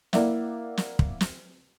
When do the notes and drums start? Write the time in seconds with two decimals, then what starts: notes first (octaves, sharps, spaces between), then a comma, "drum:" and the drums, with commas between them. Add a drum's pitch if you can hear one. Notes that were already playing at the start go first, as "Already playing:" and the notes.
0.13 A#3 E4 D5 E5 F#5, drum: snare
0.77 drum: snare
0.99 drum: kick
1.21 drum: snare